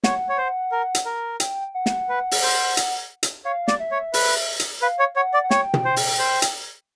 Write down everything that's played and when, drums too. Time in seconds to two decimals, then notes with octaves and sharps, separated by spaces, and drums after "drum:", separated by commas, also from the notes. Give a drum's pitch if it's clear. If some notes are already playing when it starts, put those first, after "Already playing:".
0.04 C#5 F#5, drum: snare
0.29 C#5
0.38 C5
0.72 A#4
0.95 drum: hi-hat
1.05 A#4
1.40 G5, drum: hi-hat
1.75 F#5
1.86 drum: snare
2.09 B4
2.31 drum: open hi-hat
2.43 C5
2.77 drum: hi-hat
3.23 drum: hi-hat
3.45 C#5 F5
3.68 D5, drum: snare
3.80 E5
3.91 C#5
4.14 B4, drum: open hi-hat
4.60 drum: hi-hat
4.82 B4 F5
4.99 C#5
5.16 C#5 F#5
5.34 D5
5.44 F#5
5.51 C#5 G5, drum: snare
5.74 drum: tom
5.85 C5
5.96 drum: open hi-hat
6.19 C5
6.42 drum: hi-hat